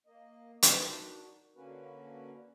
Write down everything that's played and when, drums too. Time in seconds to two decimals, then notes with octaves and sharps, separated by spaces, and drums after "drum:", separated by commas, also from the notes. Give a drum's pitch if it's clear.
0.06 A#3 D#5
0.62 D4 D#4 F#4 A#4, drum: hi-hat
1.56 D3 A#3 C#4 F#4 A#4 B4